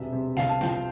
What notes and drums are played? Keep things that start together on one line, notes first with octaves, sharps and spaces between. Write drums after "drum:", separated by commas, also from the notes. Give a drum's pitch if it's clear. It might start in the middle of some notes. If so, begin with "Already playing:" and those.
Already playing: E1 C3 E5
C3
C2 F5, drum: snare
A5
F3 G5, drum: snare